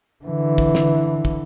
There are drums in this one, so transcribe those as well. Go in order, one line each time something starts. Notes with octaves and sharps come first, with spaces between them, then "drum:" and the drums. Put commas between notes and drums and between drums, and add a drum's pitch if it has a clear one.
D3 E3
drum: kick
drum: snare
drum: kick